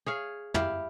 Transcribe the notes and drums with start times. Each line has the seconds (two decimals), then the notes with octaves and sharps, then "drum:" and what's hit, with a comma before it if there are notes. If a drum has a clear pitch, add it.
0.06 G#4 C#5 F5
0.54 E4 G4 F5, drum: tom